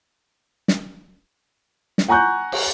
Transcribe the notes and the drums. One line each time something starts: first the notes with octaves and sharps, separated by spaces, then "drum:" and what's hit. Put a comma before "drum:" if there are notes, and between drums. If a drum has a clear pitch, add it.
drum: snare
drum: snare
F#5 G#5 A#5 C#6 F#6 G6
drum: cymbal